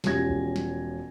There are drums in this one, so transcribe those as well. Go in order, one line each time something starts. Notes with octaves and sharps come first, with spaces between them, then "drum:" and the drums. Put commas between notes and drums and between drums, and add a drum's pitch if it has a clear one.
E1 F3 C#4 G4 G#6 A#6, drum: snare
drum: kick B1
drum: snare